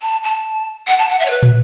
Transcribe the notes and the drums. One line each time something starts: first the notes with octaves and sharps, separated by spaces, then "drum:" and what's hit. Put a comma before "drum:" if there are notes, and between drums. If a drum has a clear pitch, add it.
A5
A5
F#5
A5
F#5
E5
C#5
B4
drum: tom